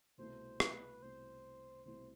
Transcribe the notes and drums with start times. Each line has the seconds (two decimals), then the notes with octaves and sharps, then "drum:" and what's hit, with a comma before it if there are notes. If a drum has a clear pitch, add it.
0.18 C2 B2 A3 E4 C5
0.60 B4, drum: rim click
1.02 C2 B2 A3 E4 C5
1.85 C2 B2 A3 E4 C5